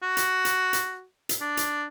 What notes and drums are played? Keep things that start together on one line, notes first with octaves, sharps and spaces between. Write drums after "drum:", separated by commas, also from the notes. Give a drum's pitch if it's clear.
F#4
drum: hi-hat
drum: hi-hat
drum: hi-hat
drum: hi-hat
D4
drum: hi-hat